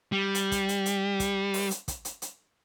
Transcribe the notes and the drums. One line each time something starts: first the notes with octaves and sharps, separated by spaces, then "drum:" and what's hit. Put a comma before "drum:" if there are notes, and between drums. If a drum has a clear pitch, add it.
G3
drum: hi-hat
drum: kick, hi-hat
drum: hi-hat
drum: hi-hat
drum: kick, hi-hat
drum: open hi-hat
drum: hi-hat
drum: kick, hi-hat
drum: hi-hat
drum: hi-hat